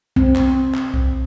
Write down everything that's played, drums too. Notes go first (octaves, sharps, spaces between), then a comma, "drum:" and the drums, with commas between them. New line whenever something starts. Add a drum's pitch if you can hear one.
C4, drum: kick B1
drum: clap
drum: clap
drum: kick B1